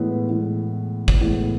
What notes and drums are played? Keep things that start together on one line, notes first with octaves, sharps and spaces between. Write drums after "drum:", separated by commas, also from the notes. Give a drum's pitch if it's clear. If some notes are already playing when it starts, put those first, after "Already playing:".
Already playing: A2 E3 G#3 B3 E4
A2 E3 G#3 B3 E4
drum: kick
A2 E3 G#3 B3 E4